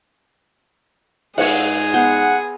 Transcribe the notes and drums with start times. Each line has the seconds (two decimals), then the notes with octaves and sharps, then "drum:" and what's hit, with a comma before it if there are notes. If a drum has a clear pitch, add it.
1.38 G#2 G#4 C#5 F#5, drum: cymbal
1.94 B3 C5 F#5